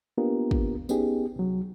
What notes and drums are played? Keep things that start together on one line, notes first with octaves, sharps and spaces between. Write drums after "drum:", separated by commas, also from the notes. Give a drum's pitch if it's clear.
A#3 B3 D4 F4 G4 A#4
drum: kick
B3 C#4 D#4 G4 G#4, drum: tambourine
C2 F#3